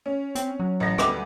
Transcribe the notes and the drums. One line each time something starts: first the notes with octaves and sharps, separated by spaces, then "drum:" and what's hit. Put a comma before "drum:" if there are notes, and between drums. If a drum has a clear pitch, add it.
C#4
C4, drum: hi-hat
F#3
A1 A#6
D2 G3 B4 D6, drum: rim click